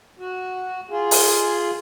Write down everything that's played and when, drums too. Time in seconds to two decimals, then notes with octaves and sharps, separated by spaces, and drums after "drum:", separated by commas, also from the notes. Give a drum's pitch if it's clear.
0.19 F#4
0.90 F4 G#4
1.11 drum: open hi-hat